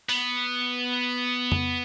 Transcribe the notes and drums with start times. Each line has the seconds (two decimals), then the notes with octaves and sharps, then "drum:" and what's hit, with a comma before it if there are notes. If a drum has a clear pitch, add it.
0.09 B3, drum: open hi-hat
1.52 drum: tom F2